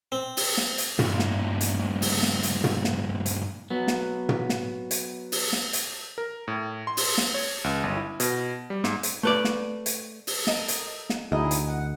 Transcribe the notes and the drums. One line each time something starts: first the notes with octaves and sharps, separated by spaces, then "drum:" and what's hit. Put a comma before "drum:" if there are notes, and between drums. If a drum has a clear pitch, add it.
C4
drum: open hi-hat
drum: snare
drum: hi-hat
G2 A#2, drum: tom
drum: snare
drum: hi-hat
drum: open hi-hat
drum: snare
drum: hi-hat
drum: tom
drum: snare
drum: hi-hat
F#3 B3
drum: snare
drum: tom
drum: snare
drum: hi-hat
drum: open hi-hat
drum: snare
drum: hi-hat
A#4
A2
C6
drum: open hi-hat
drum: snare
C#5
C#2
G1
E4
B2, drum: hi-hat
G3
G#2, drum: snare
drum: hi-hat
A3 B4 D5
drum: snare
drum: hi-hat
drum: open hi-hat
A4 A#4 D#5, drum: snare
drum: hi-hat
drum: snare
D2 D#4 E4 G#4 D#5
drum: hi-hat
F#5